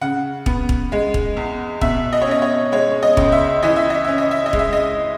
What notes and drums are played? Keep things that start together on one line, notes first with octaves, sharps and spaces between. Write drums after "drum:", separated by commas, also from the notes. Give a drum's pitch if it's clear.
C#3 F#5
B3, drum: kick
drum: kick
G#3
drum: kick
E2
B2 E5, drum: kick
D#5
C#5
C#4 D#5
C#5
G#3 C#5
D#5
C#2, drum: kick
E5
E3 D#5
E5
D#5
C#4 E5
D#5
E5
D#5
G#3, drum: kick
E5
D#5